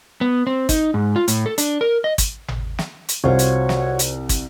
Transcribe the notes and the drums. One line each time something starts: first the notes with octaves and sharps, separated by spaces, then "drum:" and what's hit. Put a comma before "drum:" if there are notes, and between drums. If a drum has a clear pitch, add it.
B3
C4
D#4, drum: kick, hi-hat
G#2
F4
A2, drum: hi-hat
A4
D4, drum: hi-hat
A#4
D#5
drum: kick, hi-hat
drum: tom G#1
drum: snare
drum: hi-hat
C2 F4 F#4 C5 C#5
drum: hi-hat
drum: snare
drum: hi-hat
drum: kick, hi-hat